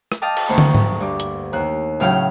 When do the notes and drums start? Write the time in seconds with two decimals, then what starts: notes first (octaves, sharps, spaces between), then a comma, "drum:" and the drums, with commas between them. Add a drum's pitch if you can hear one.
0.12 drum: rim click
0.22 D#5 F5 G5 A5 D6
0.37 drum: cymbal
0.48 D2 A#3 C#6
0.58 drum: tom
0.75 drum: tom
1.00 G2 D6
1.20 drum: hi-hat
1.53 D#2 F#6
2.00 A2 C#3 F#3 A3 F5 G5